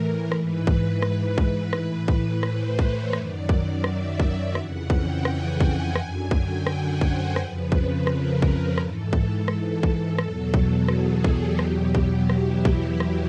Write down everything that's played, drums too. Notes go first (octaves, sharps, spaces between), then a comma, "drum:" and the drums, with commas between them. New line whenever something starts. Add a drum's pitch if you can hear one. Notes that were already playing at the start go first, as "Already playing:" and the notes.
Already playing: A2 E3 A#4
G#2 E3 B4, drum: rim click
drum: kick B1
drum: rim click
drum: kick B1
A2 E3, drum: rim click
drum: kick B1
C5, drum: rim click
C#5, drum: kick B1
F#2 D#3 F#3 D5, drum: rim click
D5, drum: kick B1
E5, drum: rim click
drum: kick B1
F2 C#3 E3 F#5, drum: rim click
G5, drum: kick B1
G#5, drum: rim click
drum: kick B1
F#2 D3 F#3 G#5, drum: rim click
G5, drum: kick B1
F#5, drum: rim click
C5, drum: kick B1
F2 C#3 F3 B4, drum: rim click
drum: kick B1
A#4, drum: rim click
drum: kick B1
G#2 E3 A4, drum: rim click
drum: kick B1
drum: rim click
drum: kick B1
E2 B2 F#3, drum: rim click
drum: kick B1
G#4, drum: rim click
G4, drum: kick B1
E2 B2 F#3 G4, drum: rim click
drum: kick B1
E4, drum: rim click
drum: kick B1
drum: rim click